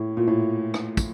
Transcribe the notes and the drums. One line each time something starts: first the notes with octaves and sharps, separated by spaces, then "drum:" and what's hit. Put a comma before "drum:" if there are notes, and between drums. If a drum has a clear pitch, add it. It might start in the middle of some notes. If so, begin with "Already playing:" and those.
Already playing: A2
A#2
A2
drum: rim click
drum: kick, tambourine